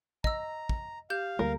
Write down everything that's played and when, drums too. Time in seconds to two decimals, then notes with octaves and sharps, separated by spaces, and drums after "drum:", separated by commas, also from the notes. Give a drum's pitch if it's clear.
0.24 D#5 A#5 E6, drum: kick
0.69 drum: kick
1.10 G4 F5 G6
1.39 D2 G3 A#3 A#4